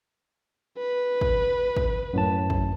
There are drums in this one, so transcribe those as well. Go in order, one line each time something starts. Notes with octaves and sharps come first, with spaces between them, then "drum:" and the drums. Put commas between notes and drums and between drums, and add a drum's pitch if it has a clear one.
B4
drum: kick
drum: kick
F#2 A2 A5
drum: kick